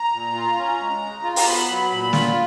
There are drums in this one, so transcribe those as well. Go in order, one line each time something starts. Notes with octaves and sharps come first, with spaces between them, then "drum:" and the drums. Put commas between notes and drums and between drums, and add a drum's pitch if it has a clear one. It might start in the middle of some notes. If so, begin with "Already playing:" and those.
Already playing: A#5
A#2
F4
C#4
G#3
C#3
F4
A#5, drum: open hi-hat
B3 B5
F#3
A#2
F4, drum: snare